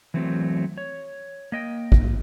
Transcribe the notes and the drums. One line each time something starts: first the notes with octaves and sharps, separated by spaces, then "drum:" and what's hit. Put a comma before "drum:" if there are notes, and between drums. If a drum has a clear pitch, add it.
E3 F#3 A3 C4
C#5
A#3 D#5 G5
drum: kick